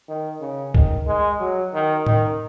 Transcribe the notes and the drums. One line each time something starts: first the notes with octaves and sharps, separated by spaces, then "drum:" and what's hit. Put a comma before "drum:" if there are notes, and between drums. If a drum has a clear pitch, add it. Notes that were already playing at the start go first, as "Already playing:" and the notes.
D#3
C#3
D#3, drum: kick
G#3
F#3
D#3
D#3, drum: tom A2